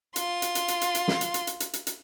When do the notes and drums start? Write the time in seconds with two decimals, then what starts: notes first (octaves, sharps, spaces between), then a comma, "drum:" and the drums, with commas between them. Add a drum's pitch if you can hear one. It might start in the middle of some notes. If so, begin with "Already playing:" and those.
0.16 F4 C6, drum: hi-hat
0.42 drum: hi-hat
0.55 drum: hi-hat
0.68 drum: hi-hat
0.81 drum: hi-hat
0.95 drum: hi-hat
1.08 drum: snare
1.21 drum: hi-hat
1.34 drum: hi-hat
1.47 drum: hi-hat
1.60 drum: hi-hat
1.73 drum: hi-hat
1.87 drum: hi-hat